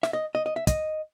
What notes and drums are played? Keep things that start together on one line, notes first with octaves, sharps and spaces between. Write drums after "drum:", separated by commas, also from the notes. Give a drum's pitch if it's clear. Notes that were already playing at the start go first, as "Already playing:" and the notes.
E5, drum: snare
D#5
D#5
D#5
E5
D#5, drum: kick, hi-hat